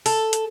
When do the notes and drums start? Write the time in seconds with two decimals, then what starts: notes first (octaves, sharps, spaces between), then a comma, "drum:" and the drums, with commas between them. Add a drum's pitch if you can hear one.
0.06 A4, drum: open hi-hat
0.33 drum: hi-hat